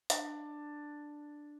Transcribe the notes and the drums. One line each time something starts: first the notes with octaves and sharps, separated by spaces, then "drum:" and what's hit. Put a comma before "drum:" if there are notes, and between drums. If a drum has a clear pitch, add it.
D4, drum: hi-hat